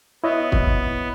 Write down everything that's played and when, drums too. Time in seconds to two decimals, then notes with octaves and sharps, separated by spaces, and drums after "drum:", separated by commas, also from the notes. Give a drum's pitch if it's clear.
0.24 B3 E4 C#5 D#5
0.52 drum: kick